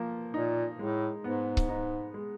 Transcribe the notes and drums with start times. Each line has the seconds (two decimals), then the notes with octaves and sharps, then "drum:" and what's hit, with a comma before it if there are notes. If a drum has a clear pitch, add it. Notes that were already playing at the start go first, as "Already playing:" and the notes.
Already playing: F3 A#3
0.33 A#2 D#4
0.79 A2 G#3
1.24 G#2 B3
1.57 drum: kick C#1
1.69 D#4
2.14 G#3